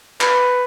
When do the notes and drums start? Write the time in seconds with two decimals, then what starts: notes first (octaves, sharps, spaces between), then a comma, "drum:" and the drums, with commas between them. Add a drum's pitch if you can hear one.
0.21 B4, drum: clap